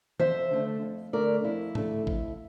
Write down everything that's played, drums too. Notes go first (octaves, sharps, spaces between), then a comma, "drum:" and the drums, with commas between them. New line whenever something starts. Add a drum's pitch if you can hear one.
F2 C5 E5, drum: tom D#3
D3 A3 D4
F2
D3 A3 D4 A#4 D5
F2 E4
D3 A3 D4, drum: tom G#2
F2, drum: kick A1